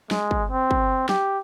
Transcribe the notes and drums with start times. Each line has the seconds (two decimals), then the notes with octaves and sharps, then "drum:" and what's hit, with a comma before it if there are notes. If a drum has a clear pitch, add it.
0.11 G#3, drum: snare
0.31 drum: kick
0.51 C4
0.71 drum: kick
1.09 G4, drum: snare